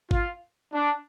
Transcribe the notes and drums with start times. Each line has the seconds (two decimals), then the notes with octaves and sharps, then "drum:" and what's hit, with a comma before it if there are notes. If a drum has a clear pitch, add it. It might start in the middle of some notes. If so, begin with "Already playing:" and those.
0.11 F4, drum: kick G#1
0.73 D4